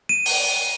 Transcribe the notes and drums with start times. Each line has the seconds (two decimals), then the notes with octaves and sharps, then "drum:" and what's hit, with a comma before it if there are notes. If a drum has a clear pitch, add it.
0.09 D#7
0.26 drum: open hi-hat